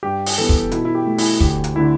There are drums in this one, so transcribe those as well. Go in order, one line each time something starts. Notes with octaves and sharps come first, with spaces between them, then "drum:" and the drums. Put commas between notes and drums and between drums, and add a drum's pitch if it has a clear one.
G2 G4
drum: open hi-hat
E3 G3 B3 A4
drum: kick
B2 E4, drum: hi-hat
E4
G4
A3
E4, drum: open hi-hat
D2 G4, drum: kick
drum: hi-hat
D3 A3 E4